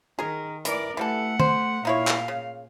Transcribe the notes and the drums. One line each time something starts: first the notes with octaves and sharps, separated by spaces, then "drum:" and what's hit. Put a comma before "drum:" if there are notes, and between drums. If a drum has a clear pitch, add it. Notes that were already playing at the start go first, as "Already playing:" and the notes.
D#3 G#4 A#4
E3 A#4 D5, drum: hi-hat
E3 G3 A3 A4 F#5
C5, drum: tom
A#2 D#4 E4 C#5 F5
drum: clap
C#3